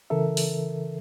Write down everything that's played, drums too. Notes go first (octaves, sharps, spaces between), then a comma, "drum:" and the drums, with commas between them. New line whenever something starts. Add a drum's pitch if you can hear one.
C#3 E3 A4 A#4 E5
drum: open hi-hat